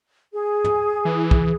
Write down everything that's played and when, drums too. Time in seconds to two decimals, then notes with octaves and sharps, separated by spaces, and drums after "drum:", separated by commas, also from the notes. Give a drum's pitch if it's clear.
0.33 G#4
0.64 drum: tom
1.05 E3
1.31 drum: kick